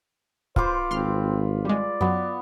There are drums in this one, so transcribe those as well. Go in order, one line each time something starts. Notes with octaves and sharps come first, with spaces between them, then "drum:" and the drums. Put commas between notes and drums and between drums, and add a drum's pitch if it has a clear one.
F4 B4 C5 D6, drum: kick C#1
G#1 C4 C6 F6
G3 G#3 D5
F#2 F#3 B3